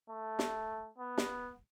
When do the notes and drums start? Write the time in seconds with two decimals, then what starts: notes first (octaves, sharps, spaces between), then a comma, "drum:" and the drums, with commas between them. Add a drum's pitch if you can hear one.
0.10 A3
0.39 drum: snare
0.98 B3
1.18 drum: snare